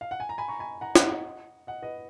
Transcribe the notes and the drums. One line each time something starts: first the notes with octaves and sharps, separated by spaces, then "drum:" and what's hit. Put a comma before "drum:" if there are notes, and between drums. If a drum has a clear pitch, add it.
F5
F#5
G#5
A#5
G#5 B5
A#5 C#6
G#5 B5
F#5 A#5
D#5 F#5, drum: snare
D#5 F#5
D#5 F#5
B4 D#5